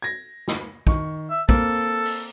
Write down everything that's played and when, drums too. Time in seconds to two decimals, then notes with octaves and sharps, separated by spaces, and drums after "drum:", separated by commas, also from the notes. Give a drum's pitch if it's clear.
0.02 G#6 A#6
0.48 drum: snare
0.87 D#3 C#6, drum: kick
1.30 E5
1.49 A#3 C4 A4, drum: kick
2.05 drum: open hi-hat